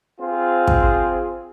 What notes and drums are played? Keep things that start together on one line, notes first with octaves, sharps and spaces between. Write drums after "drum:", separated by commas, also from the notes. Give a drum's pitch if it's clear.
C4 F4 G#4
drum: kick